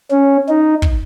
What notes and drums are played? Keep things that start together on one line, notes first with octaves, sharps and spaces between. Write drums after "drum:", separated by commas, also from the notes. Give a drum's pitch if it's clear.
C#4
D#4
drum: kick